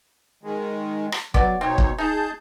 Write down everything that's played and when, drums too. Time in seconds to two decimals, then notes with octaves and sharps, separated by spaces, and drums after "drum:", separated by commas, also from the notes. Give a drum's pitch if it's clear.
0.43 D#3 G#3
1.12 drum: rim click
1.34 F#3 B3 D5, drum: kick
1.61 B2 C4 D#4 C#5
1.78 drum: kick
1.98 D#4 G#4 A5 G6